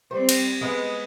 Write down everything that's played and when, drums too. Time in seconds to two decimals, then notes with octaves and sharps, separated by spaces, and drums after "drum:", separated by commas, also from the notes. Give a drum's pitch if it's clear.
0.11 G3 C4 C5
0.29 drum: cymbal
0.61 G#3 B3